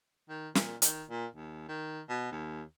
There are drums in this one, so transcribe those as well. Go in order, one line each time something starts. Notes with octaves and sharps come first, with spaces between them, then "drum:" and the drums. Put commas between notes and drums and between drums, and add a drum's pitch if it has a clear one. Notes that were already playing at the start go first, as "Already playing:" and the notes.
D#3
A#2, drum: snare
D#3, drum: hi-hat
A#2
D#2
D#3
B2
D#2